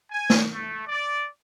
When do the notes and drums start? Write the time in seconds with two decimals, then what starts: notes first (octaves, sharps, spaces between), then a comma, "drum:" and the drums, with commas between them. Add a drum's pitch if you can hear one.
0.10 G#5
0.30 drum: snare
0.53 A3
0.87 D5